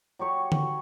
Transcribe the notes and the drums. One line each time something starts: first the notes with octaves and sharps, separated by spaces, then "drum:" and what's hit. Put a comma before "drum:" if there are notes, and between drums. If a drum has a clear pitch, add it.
F#3 G4 C#5 C#6
drum: tom D3